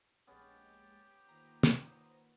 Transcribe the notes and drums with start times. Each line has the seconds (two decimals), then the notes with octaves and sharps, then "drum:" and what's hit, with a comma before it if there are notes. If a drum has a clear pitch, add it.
0.27 A#1 G#3 B3 C#4 G4 A6
1.28 D#3 A#3 F4 C5 A#5 D#6
1.63 drum: snare